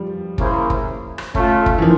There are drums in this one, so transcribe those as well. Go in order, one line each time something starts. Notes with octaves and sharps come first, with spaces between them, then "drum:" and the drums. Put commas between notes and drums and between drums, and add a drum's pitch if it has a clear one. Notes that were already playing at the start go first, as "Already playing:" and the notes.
Already playing: F3 G3
A#3 C#4 E4 G#4 C5, drum: kick
drum: kick
drum: rim click
A3 C#4 F4, drum: kick
drum: kick
E3
D#3 F3